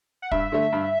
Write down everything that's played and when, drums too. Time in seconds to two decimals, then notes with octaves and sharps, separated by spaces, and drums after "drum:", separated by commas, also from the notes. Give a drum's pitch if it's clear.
0.22 F#5
0.31 G2 E5, drum: kick
0.52 D3 A3
0.72 G2